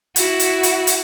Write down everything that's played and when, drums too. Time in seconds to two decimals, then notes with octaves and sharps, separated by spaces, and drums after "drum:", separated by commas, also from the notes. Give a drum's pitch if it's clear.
0.16 E4 F#4, drum: hi-hat
0.40 drum: hi-hat
0.63 drum: hi-hat
0.87 drum: hi-hat